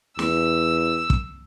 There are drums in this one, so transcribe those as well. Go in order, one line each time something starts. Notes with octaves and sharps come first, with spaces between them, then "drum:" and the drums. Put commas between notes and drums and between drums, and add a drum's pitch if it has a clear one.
E2 E6, drum: snare
drum: kick